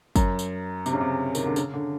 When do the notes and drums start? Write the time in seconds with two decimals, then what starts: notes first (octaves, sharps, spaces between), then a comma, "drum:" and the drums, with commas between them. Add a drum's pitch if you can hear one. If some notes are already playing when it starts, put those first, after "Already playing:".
0.16 F#2, drum: kick, tambourine
0.39 drum: tambourine
0.86 C3, drum: tambourine
0.93 C#3
1.01 C3
1.35 D#3, drum: tambourine
1.46 D3
1.56 C#3, drum: tambourine
1.74 D3